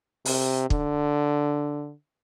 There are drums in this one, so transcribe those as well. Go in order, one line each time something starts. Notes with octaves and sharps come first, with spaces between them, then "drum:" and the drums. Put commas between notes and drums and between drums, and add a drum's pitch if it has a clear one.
C3, drum: open hi-hat
D3, drum: kick